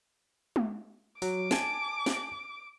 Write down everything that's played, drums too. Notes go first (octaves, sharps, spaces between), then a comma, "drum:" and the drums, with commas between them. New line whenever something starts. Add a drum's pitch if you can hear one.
drum: tom G#3
F#3 D6, drum: open hi-hat
G#5 A5, drum: snare
drum: snare